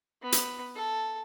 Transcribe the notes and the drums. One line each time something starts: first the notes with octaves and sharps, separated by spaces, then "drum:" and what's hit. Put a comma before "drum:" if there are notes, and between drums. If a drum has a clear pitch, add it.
B3
drum: hi-hat
A4